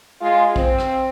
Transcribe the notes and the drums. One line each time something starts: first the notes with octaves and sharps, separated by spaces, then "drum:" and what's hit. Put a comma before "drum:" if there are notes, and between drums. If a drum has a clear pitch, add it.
G#3 F4
C4, drum: kick A#1
drum: rim click